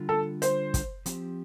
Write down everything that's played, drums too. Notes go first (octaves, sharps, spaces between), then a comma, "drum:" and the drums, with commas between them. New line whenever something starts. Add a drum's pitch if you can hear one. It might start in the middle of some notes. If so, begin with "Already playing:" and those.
Already playing: D3 G3 F4
A4
C5, drum: hi-hat
drum: kick, hi-hat
F3 C4 G4, drum: hi-hat